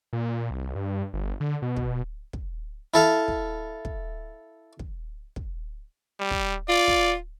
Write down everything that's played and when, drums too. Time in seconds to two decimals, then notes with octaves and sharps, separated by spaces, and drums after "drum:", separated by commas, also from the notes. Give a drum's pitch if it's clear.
0.13 A#2
0.51 C2
0.75 G2
1.13 G1
1.40 D3
1.62 B2
1.77 drum: kick
2.33 drum: kick
2.94 E4 A4 F5
3.28 drum: kick
3.85 drum: kick
4.79 drum: kick
5.36 drum: kick
6.20 G3
6.31 drum: kick
6.69 F4 D5
6.88 drum: kick